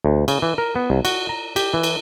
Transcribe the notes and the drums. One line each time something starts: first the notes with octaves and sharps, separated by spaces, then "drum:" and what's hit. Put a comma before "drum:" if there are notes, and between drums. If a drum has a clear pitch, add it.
D2
C#3, drum: cymbal
E3
A#4
B3
C2
F#4, drum: cymbal
A#5
G4, drum: cymbal
E3
drum: cymbal